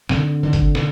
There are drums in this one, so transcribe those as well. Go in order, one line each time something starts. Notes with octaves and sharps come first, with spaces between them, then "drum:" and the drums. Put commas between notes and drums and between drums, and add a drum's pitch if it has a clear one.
D3 C4, drum: snare
D3
drum: kick, hi-hat
D3, drum: snare